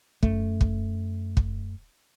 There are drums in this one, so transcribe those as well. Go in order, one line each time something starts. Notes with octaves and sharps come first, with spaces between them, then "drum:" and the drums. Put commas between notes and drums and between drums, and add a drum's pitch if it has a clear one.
F#2 A3, drum: kick
drum: kick
drum: kick